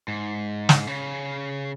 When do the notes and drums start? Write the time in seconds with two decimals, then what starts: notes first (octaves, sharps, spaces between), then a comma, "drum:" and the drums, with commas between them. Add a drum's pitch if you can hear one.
0.08 G#2
0.69 drum: snare
0.87 C#3